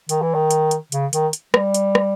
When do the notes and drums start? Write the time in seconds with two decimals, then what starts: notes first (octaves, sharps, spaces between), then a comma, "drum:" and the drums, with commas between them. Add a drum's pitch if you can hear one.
0.09 D#3, drum: hi-hat
0.22 E3
0.34 D#3
0.51 drum: hi-hat
0.71 drum: hi-hat
0.92 C#3, drum: hi-hat
1.13 D#3, drum: hi-hat
1.33 drum: hi-hat
1.54 G3, drum: rim click
1.74 drum: hi-hat
1.95 drum: rim click